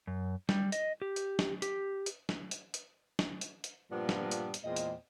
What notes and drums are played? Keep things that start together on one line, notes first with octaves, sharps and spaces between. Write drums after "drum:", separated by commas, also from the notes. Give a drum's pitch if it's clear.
F#2
G3, drum: snare
D#5, drum: hi-hat
G4
drum: hi-hat
drum: snare
G4, drum: hi-hat
drum: hi-hat
drum: snare
drum: hi-hat
drum: hi-hat
drum: snare
drum: hi-hat
drum: hi-hat
G2 A#2 F3 B3 D5
drum: snare
drum: hi-hat
drum: hi-hat
E2 A#2 G#3 C4 D#5
drum: hi-hat